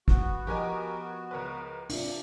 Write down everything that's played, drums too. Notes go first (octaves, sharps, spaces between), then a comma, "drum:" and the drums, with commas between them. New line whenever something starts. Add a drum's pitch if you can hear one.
B3 F#4, drum: kick
F3 G4 A#4 D#5 G#5
C#2 A#4 B4
C3 D4 F4, drum: open hi-hat